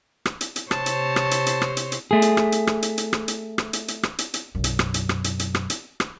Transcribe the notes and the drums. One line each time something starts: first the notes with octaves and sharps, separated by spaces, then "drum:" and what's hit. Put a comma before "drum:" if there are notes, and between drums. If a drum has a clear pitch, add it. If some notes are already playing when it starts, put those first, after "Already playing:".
drum: rim click
drum: hi-hat
drum: hi-hat
C3 C5 C#5 A5, drum: rim click
drum: hi-hat
drum: rim click
drum: hi-hat
drum: hi-hat
drum: rim click
drum: hi-hat
drum: hi-hat
A3 G#4
drum: hi-hat
drum: rim click
drum: hi-hat
drum: rim click
drum: hi-hat
drum: hi-hat
drum: rim click
drum: hi-hat
drum: rim click
drum: hi-hat
drum: hi-hat
drum: rim click
drum: hi-hat
drum: hi-hat
B1 F#2
drum: hi-hat
drum: rim click
drum: hi-hat
drum: rim click
drum: hi-hat
drum: hi-hat
drum: rim click
drum: hi-hat
drum: rim click